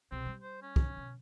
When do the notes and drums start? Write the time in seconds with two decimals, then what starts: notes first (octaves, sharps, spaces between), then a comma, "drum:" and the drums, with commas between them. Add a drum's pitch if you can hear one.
0.11 C2 B2 C4
0.26 G3
0.42 C5
0.62 C#4
0.76 drum: kick
0.97 B2